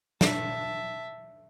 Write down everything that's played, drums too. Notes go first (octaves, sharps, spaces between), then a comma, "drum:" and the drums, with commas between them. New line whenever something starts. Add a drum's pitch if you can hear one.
E5 A5, drum: snare